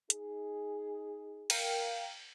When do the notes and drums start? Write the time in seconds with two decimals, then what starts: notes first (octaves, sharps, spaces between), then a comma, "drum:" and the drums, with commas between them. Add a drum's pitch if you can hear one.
0.10 D#4 G#4, drum: hi-hat
1.50 A#4 F5 G5, drum: cymbal